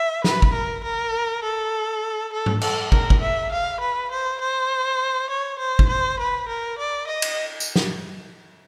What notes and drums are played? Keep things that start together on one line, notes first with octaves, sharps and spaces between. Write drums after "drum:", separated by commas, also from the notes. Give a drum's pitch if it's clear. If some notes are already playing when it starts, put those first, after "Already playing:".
Already playing: E5
B4, drum: snare
drum: kick
A#4
A#4
A4
A4
drum: tom G#2
A4, drum: cymbal
A#4, drum: kick
drum: kick
E5
F5
B4
C5
C5
C#5
C5
drum: kick
C5
B4
A#4
D5
D#5
drum: cymbal
drum: tambourine
drum: snare